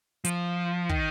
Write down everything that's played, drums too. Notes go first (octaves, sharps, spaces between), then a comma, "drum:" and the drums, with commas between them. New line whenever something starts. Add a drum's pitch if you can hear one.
F3, drum: hi-hat
D#3, drum: kick